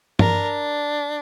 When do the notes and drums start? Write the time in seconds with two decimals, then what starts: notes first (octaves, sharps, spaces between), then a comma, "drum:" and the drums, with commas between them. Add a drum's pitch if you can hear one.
0.19 D4 A#4, drum: tom G2